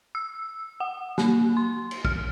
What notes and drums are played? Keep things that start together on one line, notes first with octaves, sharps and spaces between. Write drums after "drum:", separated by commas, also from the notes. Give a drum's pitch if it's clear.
E6
F#5
A#3, drum: snare
C6
drum: cymbal
F6, drum: kick